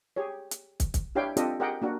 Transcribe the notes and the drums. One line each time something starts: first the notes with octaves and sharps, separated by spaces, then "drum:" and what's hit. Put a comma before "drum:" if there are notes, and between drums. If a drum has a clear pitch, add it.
G4 G#4 C#5
drum: hi-hat
drum: kick, hi-hat
drum: kick, hi-hat
D4 E4 G4 C#5 F5 G5
C4 D4 F4 G4 A4 D#5, drum: hi-hat
G4 G#4 A#4 D#5 F#5 G5
A#3 D4 F#4